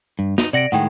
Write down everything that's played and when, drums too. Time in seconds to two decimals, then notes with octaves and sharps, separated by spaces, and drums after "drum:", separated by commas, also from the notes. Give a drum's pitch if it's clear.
0.19 G2
0.38 D#4, drum: snare
0.53 C3 D5 F#5 A#6 D7
0.72 A2 D#3 G#3 F#5 G5